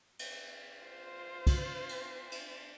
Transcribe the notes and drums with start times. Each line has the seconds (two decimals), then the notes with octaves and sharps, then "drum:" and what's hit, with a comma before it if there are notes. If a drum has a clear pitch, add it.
0.19 drum: cymbal
0.83 F4 C5
1.47 drum: kick, cymbal
1.89 drum: cymbal
2.32 drum: cymbal